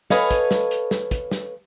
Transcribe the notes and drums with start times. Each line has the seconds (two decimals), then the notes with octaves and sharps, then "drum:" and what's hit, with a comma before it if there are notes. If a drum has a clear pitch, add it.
0.10 A4 B4 C#5 D#5 F5 G#5, drum: snare
0.31 drum: kick, hi-hat
0.51 drum: snare
0.71 drum: hi-hat
0.91 drum: snare
1.11 drum: kick, hi-hat
1.31 drum: snare